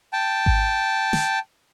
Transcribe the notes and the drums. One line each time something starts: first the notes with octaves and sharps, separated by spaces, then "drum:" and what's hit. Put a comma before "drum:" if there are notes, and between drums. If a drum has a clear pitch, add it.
G5 A5
drum: kick G#1
drum: snare